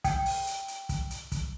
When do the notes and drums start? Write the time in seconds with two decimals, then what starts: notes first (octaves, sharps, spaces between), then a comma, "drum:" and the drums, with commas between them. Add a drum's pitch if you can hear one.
0.04 G5, drum: kick, hi-hat
0.26 drum: open hi-hat
0.47 drum: hi-hat
0.68 drum: hi-hat
0.89 drum: kick, hi-hat
1.11 drum: hi-hat
1.32 drum: kick, hi-hat